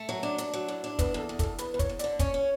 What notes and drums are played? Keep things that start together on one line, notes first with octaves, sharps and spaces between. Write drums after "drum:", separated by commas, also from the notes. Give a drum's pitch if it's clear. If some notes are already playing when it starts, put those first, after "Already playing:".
Already playing: A3
F#3
D4
D4, drum: hi-hat
F#3
A2
D4
E2 B4, drum: kick, hi-hat
E2 A4
E2
A4, drum: kick, hi-hat
E2
E2 B4, drum: hi-hat
E2 B4
C#5, drum: kick, hi-hat
E2
D5, drum: hi-hat
D3
C#4 C#5, drum: kick, hi-hat
C#4